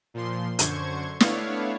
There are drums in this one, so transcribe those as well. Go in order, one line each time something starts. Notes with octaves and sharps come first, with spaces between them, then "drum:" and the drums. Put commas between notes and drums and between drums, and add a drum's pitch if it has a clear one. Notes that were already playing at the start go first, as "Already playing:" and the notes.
A#2 F3 C6
F#2 D3 C5 C#6 G#6, drum: hi-hat
A3 B3 D4 E4 C#5 F5, drum: snare